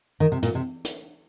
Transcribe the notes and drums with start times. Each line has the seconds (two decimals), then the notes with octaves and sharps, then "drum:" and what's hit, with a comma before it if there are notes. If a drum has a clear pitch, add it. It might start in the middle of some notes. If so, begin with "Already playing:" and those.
0.20 D#3
0.32 C3
0.43 A#2, drum: hi-hat
0.55 C3
0.84 drum: hi-hat